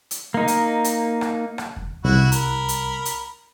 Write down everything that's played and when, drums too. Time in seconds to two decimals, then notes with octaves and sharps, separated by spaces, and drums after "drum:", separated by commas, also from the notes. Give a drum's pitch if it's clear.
0.11 drum: hi-hat
0.34 A#3 D#4
0.48 drum: hi-hat
0.84 drum: hi-hat
1.21 drum: rim click
1.58 drum: rim click
1.76 drum: kick E2
2.05 C2 E4 F#4
2.32 A#4 B5, drum: hi-hat
2.69 drum: hi-hat
3.05 drum: hi-hat